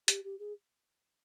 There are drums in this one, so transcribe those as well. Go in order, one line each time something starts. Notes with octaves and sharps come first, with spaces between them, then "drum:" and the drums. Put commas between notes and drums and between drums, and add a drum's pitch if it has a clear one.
G4, drum: hi-hat
G4
G#4